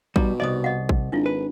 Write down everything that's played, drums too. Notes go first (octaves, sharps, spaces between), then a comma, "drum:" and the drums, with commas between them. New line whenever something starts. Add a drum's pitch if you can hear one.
B2 G3 D#4 A#5, drum: kick A1
C2 C#3 D5 D#5 D#6
D#5 F#5
drum: kick A1
G#1 D4 E4 F4
B4